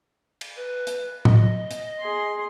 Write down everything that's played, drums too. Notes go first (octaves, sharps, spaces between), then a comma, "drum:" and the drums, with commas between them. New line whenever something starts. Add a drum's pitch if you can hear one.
drum: cymbal
B4
drum: hi-hat
D#5, drum: tom A2
drum: hi-hat
G#4 C6